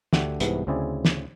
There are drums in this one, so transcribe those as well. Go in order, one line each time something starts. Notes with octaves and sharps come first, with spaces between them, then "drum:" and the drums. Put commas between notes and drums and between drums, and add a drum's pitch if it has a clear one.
D2 D3 G4 E5 F#5, drum: snare
C2 G#2 C3 E3 B3, drum: hi-hat
D2 C#3 C4 E4 G#4 D5
drum: snare